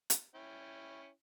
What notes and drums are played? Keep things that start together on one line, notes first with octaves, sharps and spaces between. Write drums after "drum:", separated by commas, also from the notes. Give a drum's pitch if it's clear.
drum: hi-hat
C#4 E4 G5